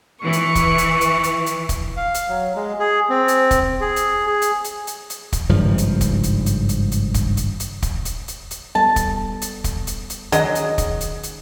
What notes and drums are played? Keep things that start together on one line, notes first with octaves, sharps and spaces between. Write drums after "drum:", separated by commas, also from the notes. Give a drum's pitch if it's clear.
E3 C#6
drum: hi-hat
drum: kick, hi-hat
drum: hi-hat
drum: hi-hat
drum: hi-hat
drum: hi-hat
drum: kick, hi-hat
F5
drum: hi-hat
F#3
G#3
G#4
C4
drum: hi-hat
drum: kick, hi-hat
G#4
drum: hi-hat
G#4
drum: hi-hat
drum: hi-hat
drum: hi-hat
drum: hi-hat
drum: kick, hi-hat
G#1 G2 C#3 F3
drum: hi-hat
drum: kick, hi-hat
drum: hi-hat
drum: hi-hat
drum: hi-hat
drum: hi-hat
drum: kick, hi-hat
drum: hi-hat
drum: hi-hat
drum: kick, hi-hat
drum: hi-hat
drum: hi-hat
drum: hi-hat
G3 B3 A4 A5
drum: kick, hi-hat
drum: hi-hat
drum: kick, hi-hat
drum: hi-hat
drum: hi-hat
D#3 F#3 C#4 G#4 D#5, drum: hi-hat
drum: hi-hat
drum: kick, hi-hat
drum: hi-hat
drum: hi-hat